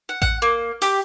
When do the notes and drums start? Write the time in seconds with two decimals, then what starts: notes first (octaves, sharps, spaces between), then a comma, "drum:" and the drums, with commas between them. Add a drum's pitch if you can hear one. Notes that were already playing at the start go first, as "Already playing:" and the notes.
0.09 F#5
0.22 F#5, drum: kick A1
0.42 A#3
0.82 G4, drum: open hi-hat